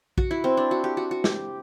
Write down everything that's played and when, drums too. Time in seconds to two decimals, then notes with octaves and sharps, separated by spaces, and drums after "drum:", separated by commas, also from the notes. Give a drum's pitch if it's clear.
0.18 F#4, drum: kick
0.31 E4
0.44 C4
0.57 D4
0.71 F#4
0.84 G4
0.97 F#4
1.11 F#4
1.24 G4, drum: snare